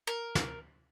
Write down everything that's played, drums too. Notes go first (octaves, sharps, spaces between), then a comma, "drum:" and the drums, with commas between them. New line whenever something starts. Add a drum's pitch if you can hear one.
A#4
drum: snare